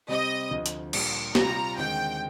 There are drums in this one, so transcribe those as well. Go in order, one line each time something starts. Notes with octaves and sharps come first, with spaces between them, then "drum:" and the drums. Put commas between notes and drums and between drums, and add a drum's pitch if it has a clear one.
C3 G3 C4 G4 D#5
D2 D3 F3
drum: hi-hat
A#2 G3 D4 G4, drum: cymbal
C3 G3 C4 F4 A#5, drum: snare
D#2 D3 G#3 C4 G5